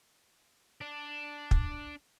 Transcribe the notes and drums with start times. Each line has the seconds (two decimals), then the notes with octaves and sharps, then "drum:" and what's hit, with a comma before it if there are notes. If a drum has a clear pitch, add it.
0.81 D4
1.51 drum: kick